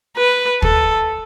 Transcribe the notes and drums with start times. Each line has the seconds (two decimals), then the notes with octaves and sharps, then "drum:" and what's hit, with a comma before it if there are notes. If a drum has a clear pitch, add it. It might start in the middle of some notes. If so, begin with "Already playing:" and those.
0.17 B4
0.62 A4, drum: kick